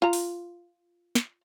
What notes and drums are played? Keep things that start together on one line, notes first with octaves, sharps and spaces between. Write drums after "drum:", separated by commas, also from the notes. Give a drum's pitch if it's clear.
F4 A#5
drum: open hi-hat
drum: snare